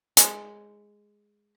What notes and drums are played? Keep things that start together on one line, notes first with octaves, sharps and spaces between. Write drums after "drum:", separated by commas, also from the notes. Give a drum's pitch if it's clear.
G#3, drum: hi-hat